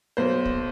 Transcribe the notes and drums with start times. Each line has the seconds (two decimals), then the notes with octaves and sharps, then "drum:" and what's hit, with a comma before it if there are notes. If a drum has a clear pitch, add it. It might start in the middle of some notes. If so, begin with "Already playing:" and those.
0.17 B1 C5
0.45 drum: kick